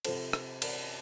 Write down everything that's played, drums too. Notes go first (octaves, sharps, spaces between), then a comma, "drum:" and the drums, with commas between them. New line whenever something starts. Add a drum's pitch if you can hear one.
C3 F3 A4 C5, drum: cymbal
drum: rim click
A#4 D5, drum: cymbal